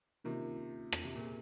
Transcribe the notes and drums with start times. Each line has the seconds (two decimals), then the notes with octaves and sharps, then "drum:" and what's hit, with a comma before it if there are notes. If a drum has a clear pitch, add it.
0.24 C3 D#3 A#3 C#4 F4
0.92 drum: rim click
1.04 C3
1.15 A#2 C#3 A#3 C#4 F4